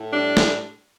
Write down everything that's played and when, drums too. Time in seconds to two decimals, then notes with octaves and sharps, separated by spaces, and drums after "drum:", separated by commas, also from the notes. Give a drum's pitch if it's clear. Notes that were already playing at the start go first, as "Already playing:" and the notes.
Already playing: A2
0.13 G3 D4
0.37 drum: snare